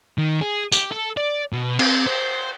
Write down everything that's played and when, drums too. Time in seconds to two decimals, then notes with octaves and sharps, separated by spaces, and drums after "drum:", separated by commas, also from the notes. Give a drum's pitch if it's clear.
0.18 D#3
0.41 G#4
0.72 G4, drum: tambourine
0.92 A4
1.17 D5
1.53 B2
1.79 C4, drum: cymbal
2.07 C5